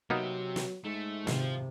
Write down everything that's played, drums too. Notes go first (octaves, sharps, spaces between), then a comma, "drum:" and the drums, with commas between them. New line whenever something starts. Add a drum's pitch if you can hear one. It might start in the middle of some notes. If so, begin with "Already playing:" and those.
C3 F#3 A#3 B3 D#4
drum: snare
G#2 A3
G#1 C3 F3, drum: snare